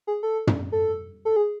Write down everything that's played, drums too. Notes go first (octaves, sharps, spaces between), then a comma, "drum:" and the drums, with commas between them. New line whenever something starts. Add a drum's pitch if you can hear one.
G#4
A4
drum: tom
A4
A4
G#4